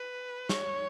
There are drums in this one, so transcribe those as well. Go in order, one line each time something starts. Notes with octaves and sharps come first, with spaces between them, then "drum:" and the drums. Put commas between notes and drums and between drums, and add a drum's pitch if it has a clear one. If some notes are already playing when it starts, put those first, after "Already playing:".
Already playing: B4
C#5, drum: snare